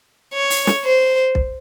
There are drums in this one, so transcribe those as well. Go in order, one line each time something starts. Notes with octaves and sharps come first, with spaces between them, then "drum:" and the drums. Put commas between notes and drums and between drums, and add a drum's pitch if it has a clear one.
C#5
drum: open hi-hat
drum: snare
C5
drum: kick B1